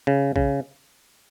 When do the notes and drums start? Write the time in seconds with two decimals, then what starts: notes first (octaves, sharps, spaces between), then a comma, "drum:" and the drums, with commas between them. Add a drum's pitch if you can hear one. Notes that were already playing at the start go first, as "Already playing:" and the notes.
0.07 C#3
0.36 C#3, drum: kick A#1